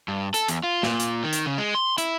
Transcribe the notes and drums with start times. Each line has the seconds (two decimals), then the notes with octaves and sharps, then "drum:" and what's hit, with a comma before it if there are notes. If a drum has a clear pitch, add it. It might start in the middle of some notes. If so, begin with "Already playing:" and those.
0.08 G2
0.34 A4, drum: hi-hat
0.48 E2, drum: hi-hat
0.64 F4
0.83 A#2, drum: snare
1.00 drum: hi-hat
1.24 D#3
1.33 drum: hi-hat
1.46 C#3
1.58 G#3
1.75 C6
1.98 E4, drum: hi-hat